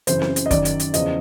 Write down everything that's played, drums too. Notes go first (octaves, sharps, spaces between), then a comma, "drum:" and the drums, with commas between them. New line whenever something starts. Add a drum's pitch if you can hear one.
F#2 C#3 E3 C5, drum: hi-hat
drum: snare C4
drum: hi-hat
D#5
F#2 D#3 D5, drum: kick, hi-hat
drum: hi-hat
drum: hi-hat
E2 C#3 F3 D#5, drum: hi-hat